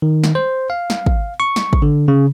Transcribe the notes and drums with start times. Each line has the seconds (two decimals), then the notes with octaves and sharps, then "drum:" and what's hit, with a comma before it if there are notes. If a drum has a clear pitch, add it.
0.02 D#3
0.24 drum: snare
0.35 C5
0.70 F5
0.90 drum: snare
1.06 drum: kick
1.40 C#6
1.56 drum: snare
1.73 drum: kick
1.82 D3
2.08 C#3